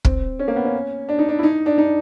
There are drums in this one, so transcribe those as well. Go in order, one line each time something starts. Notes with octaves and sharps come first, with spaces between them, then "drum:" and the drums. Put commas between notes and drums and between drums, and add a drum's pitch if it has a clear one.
C4, drum: kick
C#4
A#3
B3
C#4
D4
D#4
D4
E4
D#4
D4
D#4